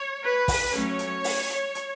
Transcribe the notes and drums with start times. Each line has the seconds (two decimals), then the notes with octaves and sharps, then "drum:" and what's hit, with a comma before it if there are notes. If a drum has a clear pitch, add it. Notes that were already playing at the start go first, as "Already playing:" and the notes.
Already playing: C#5
0.23 B4
0.48 drum: kick, open hi-hat
0.73 F#3 A3 C#4 C#5, drum: hi-hat
0.99 drum: hi-hat
1.24 drum: open hi-hat
1.50 drum: hi-hat
1.75 drum: hi-hat